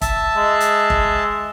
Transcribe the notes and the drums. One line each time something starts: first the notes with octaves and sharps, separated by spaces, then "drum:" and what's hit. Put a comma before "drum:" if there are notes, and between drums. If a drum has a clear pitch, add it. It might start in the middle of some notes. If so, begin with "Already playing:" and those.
E5 A5, drum: kick, hi-hat
G#3
drum: hi-hat
drum: kick